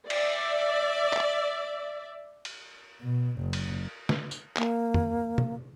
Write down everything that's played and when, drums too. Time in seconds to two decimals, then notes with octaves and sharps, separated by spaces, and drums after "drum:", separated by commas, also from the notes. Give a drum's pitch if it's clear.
0.10 D5 E5, drum: cymbal
1.14 drum: clap
2.45 drum: cymbal
3.02 B2
3.38 F#1
3.53 drum: cymbal
4.09 drum: snare
4.31 drum: tambourine
4.57 A#3, drum: clap
4.94 drum: tom
5.38 drum: tom